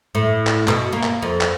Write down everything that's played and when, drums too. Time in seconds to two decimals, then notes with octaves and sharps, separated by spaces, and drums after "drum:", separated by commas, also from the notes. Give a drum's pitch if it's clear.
0.15 A2
0.47 drum: clap
0.68 B2, drum: clap
0.92 A#3
1.04 drum: clap
1.22 F2
1.41 drum: clap